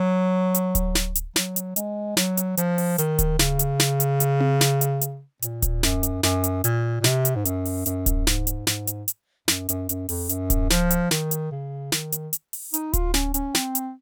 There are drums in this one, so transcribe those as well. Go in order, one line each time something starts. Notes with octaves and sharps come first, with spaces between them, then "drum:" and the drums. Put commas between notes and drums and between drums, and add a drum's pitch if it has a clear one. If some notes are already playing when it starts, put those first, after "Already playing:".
Already playing: F#3
drum: hi-hat
drum: kick D1, hi-hat
drum: snare
drum: hi-hat
F#3, drum: snare
drum: hi-hat
G#3, drum: hi-hat
F#3, drum: snare
drum: hi-hat
F3, drum: hi-hat
drum: open hi-hat
D#3, drum: hi-hat
drum: kick D1, hi-hat
C#3, drum: snare
drum: hi-hat
drum: snare
drum: hi-hat
drum: hi-hat
drum: tom C4
drum: snare
drum: hi-hat
drum: hi-hat
A#2, drum: hi-hat
drum: kick D1, hi-hat
F#2, drum: snare
drum: hi-hat
F#2, drum: snare
drum: hi-hat
A#2, drum: hi-hat
A#2
C3, drum: snare
drum: hi-hat
G#2
F#2, drum: hi-hat
drum: open hi-hat
F#2, drum: hi-hat
drum: kick D1, hi-hat
G#2, drum: snare
drum: hi-hat
G#2, drum: snare
drum: hi-hat
drum: hi-hat
F#2, drum: snare
F#2, drum: hi-hat
F#2, drum: hi-hat
F2, drum: open hi-hat
F#2, drum: hi-hat
drum: kick D1, hi-hat
F3, drum: snare
drum: hi-hat
D#3, drum: snare
drum: hi-hat
C#3
D#3, drum: snare
drum: hi-hat
drum: hi-hat
drum: open hi-hat
D#4, drum: hi-hat
F4, drum: kick D1, hi-hat
C#4, drum: snare
C#4, drum: hi-hat
C4, drum: snare
drum: hi-hat